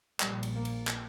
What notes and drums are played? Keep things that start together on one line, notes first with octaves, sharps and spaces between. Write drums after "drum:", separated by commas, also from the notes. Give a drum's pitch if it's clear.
A#1 A#2 G3, drum: clap
drum: cymbal
A#3
drum: cymbal
drum: clap